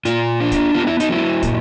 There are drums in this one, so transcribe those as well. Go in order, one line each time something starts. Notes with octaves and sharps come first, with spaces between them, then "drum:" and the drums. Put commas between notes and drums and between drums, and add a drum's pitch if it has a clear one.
A#2 F4, drum: hi-hat
D4
drum: kick, hi-hat
B3 F4
E4
D#4, drum: hi-hat
F#3 E4
A#2, drum: kick, hi-hat